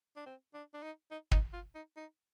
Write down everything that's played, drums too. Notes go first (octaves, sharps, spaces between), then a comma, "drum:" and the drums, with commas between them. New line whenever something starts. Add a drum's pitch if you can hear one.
D4
C4
D4
D4
D#4
D#4
D#4, drum: kick
F4
D#4
D#4